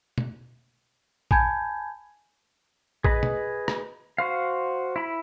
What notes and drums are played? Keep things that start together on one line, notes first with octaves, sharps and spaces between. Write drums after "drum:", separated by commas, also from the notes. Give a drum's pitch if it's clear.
drum: tom
G#5 A5 B5 G6 G#6, drum: kick A1
G#4 B4 D#5 B5, drum: kick A1
drum: tom
drum: rim click
F#4 C5 F5
E4 B5